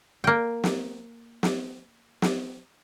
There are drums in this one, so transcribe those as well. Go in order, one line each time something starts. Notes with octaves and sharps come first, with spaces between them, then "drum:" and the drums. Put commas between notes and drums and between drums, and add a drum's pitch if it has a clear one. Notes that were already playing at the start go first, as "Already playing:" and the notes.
A#3 G5
drum: snare
drum: snare
drum: snare